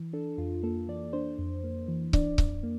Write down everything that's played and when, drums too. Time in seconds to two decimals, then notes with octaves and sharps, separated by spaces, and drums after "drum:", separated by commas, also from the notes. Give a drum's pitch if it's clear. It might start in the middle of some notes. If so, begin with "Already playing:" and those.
Already playing: E3
0.13 D4 A4
0.38 F2 F4
0.63 A#3 A4
0.88 E3 D5
1.13 D4 C5
1.39 F2
1.64 A#3
1.88 E3
2.13 D4 D5, drum: kick C#1
2.38 F2, drum: kick C#1
2.63 A#3